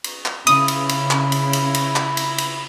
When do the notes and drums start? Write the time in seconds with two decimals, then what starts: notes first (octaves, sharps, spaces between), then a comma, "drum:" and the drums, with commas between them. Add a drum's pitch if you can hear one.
0.04 drum: cymbal
0.26 drum: clap
0.47 C#3 E4 D#6, drum: cymbal
0.68 drum: cymbal
0.89 drum: cymbal
1.11 drum: clap
1.32 drum: cymbal
1.53 drum: cymbal
1.74 drum: cymbal
1.96 drum: clap
2.17 drum: cymbal
2.38 drum: cymbal